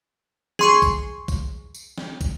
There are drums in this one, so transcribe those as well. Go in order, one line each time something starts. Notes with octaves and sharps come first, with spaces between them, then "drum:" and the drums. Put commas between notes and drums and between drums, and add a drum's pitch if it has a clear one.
G#4 C6 C#6, drum: snare
drum: kick, tambourine
drum: kick, tambourine
drum: tambourine
drum: snare
drum: kick, tambourine